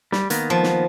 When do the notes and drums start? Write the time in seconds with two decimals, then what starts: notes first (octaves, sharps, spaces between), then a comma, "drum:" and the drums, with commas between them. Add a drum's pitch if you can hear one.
0.12 G3, drum: snare
0.30 D#3 A#3 B3, drum: hi-hat
0.50 F3
0.63 drum: snare